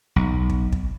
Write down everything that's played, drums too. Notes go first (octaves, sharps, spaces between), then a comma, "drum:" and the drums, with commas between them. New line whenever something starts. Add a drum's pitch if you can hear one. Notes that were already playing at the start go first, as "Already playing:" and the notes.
B1
drum: kick
drum: kick